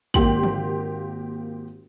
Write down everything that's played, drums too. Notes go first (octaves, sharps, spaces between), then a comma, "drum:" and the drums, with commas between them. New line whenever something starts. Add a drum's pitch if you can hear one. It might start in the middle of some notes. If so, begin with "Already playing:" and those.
G#1 A#3 G4 C6 F#7, drum: kick
drum: tom